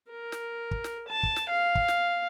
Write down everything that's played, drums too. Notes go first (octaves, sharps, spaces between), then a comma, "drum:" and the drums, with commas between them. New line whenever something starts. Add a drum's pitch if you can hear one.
A#4
drum: snare
drum: kick
drum: snare
A5
drum: kick
drum: snare
F5
drum: kick
drum: snare